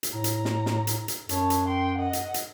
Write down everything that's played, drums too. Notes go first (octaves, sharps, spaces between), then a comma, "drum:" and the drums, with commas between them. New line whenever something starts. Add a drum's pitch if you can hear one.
drum: hi-hat
A2 A#5
drum: hi-hat
drum: snare
drum: snare
drum: hi-hat
drum: hi-hat
F#2 C#5 A5, drum: hi-hat
drum: hi-hat
G5 C6
D#5 F#5
drum: hi-hat
drum: hi-hat